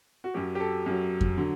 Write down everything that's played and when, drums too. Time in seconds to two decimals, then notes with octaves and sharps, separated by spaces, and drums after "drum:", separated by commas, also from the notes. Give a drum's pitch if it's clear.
0.24 F#4
0.34 F#2 F#3 G4
0.55 G4
0.60 A4
0.86 F#2 F#3
1.21 drum: kick F2
1.37 D3 F#3